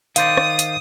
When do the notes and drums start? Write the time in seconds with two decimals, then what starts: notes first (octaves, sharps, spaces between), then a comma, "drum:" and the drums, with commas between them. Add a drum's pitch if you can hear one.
0.16 D#3 C5 D5 F5 D#6, drum: hi-hat
0.37 drum: rim click
0.59 drum: hi-hat